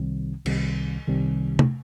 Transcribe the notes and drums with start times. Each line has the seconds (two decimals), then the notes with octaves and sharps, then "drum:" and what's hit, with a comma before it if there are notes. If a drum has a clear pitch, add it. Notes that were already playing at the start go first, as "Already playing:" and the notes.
Already playing: C2 C3 D#3 G3 C4
0.46 C2 C3 D#3 G3 C4, drum: cymbal
1.08 C2 C3 D#3 G3 C4
1.59 drum: tom C3